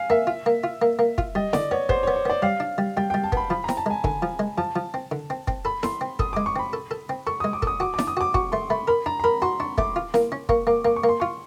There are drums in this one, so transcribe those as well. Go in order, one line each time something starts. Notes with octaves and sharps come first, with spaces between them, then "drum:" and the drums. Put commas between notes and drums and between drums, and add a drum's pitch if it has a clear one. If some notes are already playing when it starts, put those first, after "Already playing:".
Already playing: F5 G#5
A#3 E5
F4
A#3
F4
A#3
A#3
F4, drum: kick
G3 D#5
D3 D5, drum: snare E4
B3 C#5
B3 C5, drum: kick
C#5
B3
C#5
B3 D5
G3 F5
D4
G3
G3 G5
G3 G5
A5
B3 B5, drum: kick
F3 B5
A#5
C4, drum: snare E4
A5
G#3 G#5
D3 G#5, drum: kick
F3
G#3
F3 A5
F3
C4
D3
C4
C4, drum: kick
A4 B5
A4 C6, drum: snare E4
C4
A4 D#6, drum: kick
G#3 D6
C#6
C4 B5
A4
A4
C4
A4 C#6
G#3 D#6
D6
A4 D#6, drum: kick
F#4 D6
D6
D4, drum: snare E4
D#6
F#4 D6
F#4 C#6, drum: kick
A3 C6
A3 B5
A#4 B5
D4 A#5
A#5
A#4 B5
F#4 C6
D4 C#6
A3 D6, drum: kick
F4
A#3, drum: snare E4
C#4
A#3 C#6, drum: kick
A#3 D6
A#3 D6
C#6
A#3
C6
F4 C#6